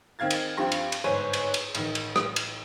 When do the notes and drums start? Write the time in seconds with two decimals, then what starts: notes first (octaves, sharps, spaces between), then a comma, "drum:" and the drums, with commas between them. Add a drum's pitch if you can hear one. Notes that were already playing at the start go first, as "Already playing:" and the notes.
0.19 D#3 C4 F5 G#6 A6
0.30 drum: cymbal
0.57 G2 F3 C4 G4 C6 A#6
0.72 drum: cymbal
0.92 drum: cymbal
1.04 G1 G#2 C5 C#5 G#5 D#7
1.33 drum: cymbal
1.54 drum: cymbal
1.75 A1 D#3, drum: cymbal
1.95 drum: cymbal
2.16 drum: rim click
2.36 drum: cymbal